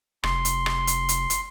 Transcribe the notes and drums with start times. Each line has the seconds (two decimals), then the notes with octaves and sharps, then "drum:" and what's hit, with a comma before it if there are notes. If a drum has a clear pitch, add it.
0.23 F1 C6, drum: rim click
0.45 drum: hi-hat
0.66 drum: rim click
0.87 drum: hi-hat
1.09 drum: hi-hat
1.30 drum: hi-hat